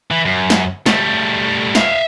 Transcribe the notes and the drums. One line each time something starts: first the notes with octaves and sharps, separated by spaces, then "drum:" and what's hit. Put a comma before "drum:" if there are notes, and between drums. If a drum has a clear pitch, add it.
E3
F#2
drum: snare
G3 A3, drum: snare
E5 F5, drum: snare